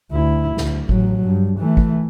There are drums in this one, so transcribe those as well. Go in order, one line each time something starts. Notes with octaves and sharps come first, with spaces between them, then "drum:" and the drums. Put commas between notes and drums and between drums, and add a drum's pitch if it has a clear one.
D2 E4
D2, drum: snare
A1 F#3, drum: kick
G2
E3 A3
drum: kick